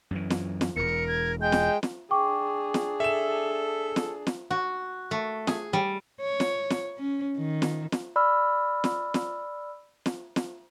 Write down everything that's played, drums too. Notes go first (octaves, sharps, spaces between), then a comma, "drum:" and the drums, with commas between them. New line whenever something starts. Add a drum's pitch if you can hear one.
F#2 E3
drum: snare
drum: snare
E1 E2 A#4 C#7
G#6
G#3 G5 G6
drum: snare
drum: snare
D4 G#4 G5 C#6 D6
drum: snare
A4 E5 E7
drum: snare
drum: snare
F#4
A3
G#4, drum: snare
G3
C#5
drum: snare
drum: snare
C#4
D#3
drum: snare
drum: snare
D5 B5 E6 F6
drum: snare
drum: snare
drum: snare
drum: snare